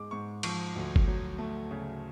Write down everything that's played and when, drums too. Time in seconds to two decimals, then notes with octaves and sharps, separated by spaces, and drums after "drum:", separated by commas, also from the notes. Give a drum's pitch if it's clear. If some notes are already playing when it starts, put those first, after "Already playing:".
Already playing: G#2 G#3 D6
0.11 G#2 C#6
0.43 F3 C#6, drum: cymbal
0.76 D2
0.96 drum: kick G1
1.07 F#3
1.38 A3
1.71 C#3